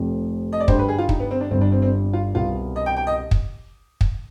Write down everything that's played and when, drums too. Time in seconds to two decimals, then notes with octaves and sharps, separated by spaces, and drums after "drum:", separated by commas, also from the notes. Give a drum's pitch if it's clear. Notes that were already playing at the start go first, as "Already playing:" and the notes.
Already playing: F1 F2 C3
0.53 D#5
0.60 D5
0.68 G2 D3 G3 C5, drum: kick
0.79 B4
0.89 G#4
0.98 F4
1.09 D#4, drum: kick
1.20 B3
1.31 C4
1.41 D4
1.51 G1 G2 D3 C4
1.61 D4
1.72 C4
1.82 C4
2.13 F4
2.34 C2 B2 B3 F4
2.76 D#5
2.86 G5
2.97 G5
3.07 D#5
3.31 drum: kick
4.01 drum: kick